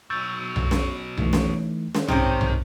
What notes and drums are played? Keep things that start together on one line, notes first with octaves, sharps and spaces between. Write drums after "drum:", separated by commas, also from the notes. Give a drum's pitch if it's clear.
B2 F#3 E6 G6 A6
drum: tom B1
drum: snare
E3 A3 D#4, drum: tom B1
drum: snare
drum: snare
G1 G#2 C3 D#3 C4 C#4 D#4, drum: tom B1
drum: tom B1